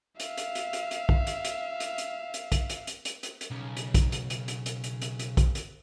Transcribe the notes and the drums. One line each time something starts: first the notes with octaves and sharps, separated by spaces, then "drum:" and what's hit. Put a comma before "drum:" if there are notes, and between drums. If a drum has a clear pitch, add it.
E5 F5, drum: hi-hat
drum: hi-hat
drum: hi-hat
drum: hi-hat
drum: hi-hat
drum: kick
drum: hi-hat
drum: hi-hat
drum: hi-hat
drum: hi-hat
drum: hi-hat
drum: kick, hi-hat
drum: hi-hat
drum: hi-hat
drum: hi-hat
drum: hi-hat
drum: hi-hat
B1 C#3
drum: hi-hat
drum: kick, hi-hat
drum: hi-hat
drum: hi-hat
drum: hi-hat
drum: hi-hat
drum: hi-hat
drum: hi-hat
drum: hi-hat
drum: kick, hi-hat
drum: hi-hat